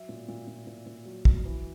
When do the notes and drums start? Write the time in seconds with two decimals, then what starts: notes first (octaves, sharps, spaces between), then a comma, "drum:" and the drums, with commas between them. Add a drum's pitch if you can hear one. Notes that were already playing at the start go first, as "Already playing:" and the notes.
Already playing: F#3 E5
0.09 A#2
0.28 A#2
0.48 A#2
0.67 A#2
0.86 A#2
1.06 F#3
1.25 F#3, drum: kick
1.45 E3